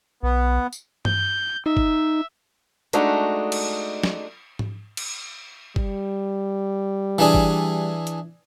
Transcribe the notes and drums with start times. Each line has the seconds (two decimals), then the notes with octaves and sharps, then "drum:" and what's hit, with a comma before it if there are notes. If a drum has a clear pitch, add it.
0.23 B1 B3
0.73 drum: tambourine
1.05 G6, drum: tom G2
1.66 D#4 E5
1.77 drum: kick
2.93 G#3 A3 D4 D#4 F#4, drum: hi-hat
3.52 drum: cymbal
4.03 drum: snare
4.59 drum: tom G#2
4.97 drum: cymbal
5.76 G3, drum: kick
7.18 E3 D4 G#4
7.34 drum: kick
8.07 drum: hi-hat